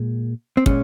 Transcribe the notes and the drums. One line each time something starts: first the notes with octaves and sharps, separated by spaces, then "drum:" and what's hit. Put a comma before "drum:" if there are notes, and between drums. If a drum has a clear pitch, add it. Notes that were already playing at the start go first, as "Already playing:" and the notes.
Already playing: A#2 G#3
C4
A#2 G#3 C#4, drum: kick